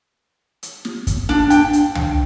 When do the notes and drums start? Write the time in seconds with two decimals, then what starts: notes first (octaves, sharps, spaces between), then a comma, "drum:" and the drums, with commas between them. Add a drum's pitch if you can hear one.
0.63 drum: hi-hat
0.85 drum: snare
1.07 drum: kick, hi-hat
1.29 D4, drum: snare
1.50 G5, drum: hi-hat
1.73 drum: hi-hat
1.95 drum: tom